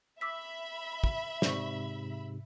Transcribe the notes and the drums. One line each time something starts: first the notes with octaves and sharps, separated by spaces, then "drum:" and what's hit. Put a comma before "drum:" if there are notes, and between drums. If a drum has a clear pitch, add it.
E5 B5 D6 E6 B6
drum: kick
G#2 C3 C5 D5 C#6, drum: snare